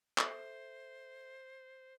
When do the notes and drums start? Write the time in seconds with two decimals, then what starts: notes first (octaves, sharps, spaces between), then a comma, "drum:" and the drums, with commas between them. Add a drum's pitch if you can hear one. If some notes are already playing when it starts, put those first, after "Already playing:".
0.18 A4 C5 E5, drum: clap